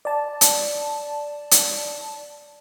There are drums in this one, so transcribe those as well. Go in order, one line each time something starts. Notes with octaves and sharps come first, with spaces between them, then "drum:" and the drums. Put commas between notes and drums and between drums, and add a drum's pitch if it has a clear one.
D5 A5
drum: hi-hat
drum: hi-hat